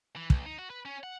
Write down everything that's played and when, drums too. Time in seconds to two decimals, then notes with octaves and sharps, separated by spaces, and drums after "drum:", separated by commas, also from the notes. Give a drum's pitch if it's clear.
0.16 E3
0.30 B1, drum: kick
0.46 D#4
0.59 F#4
0.70 B4
0.85 C#4
1.03 F#5